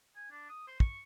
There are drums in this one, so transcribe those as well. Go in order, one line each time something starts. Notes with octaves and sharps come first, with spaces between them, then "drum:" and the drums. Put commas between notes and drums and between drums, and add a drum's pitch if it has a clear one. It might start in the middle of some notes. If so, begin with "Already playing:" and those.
G#5
D4
D#6
C5
C#6, drum: kick